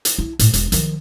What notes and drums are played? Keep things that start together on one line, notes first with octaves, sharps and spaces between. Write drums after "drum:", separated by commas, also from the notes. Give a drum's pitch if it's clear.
drum: hi-hat
E4
A2, drum: hi-hat
E1, drum: hi-hat
D#3 F3, drum: hi-hat